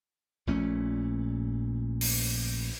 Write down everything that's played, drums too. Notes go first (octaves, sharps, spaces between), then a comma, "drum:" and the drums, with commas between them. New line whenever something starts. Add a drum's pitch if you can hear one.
A#1 A#2 A3 C#4
drum: open hi-hat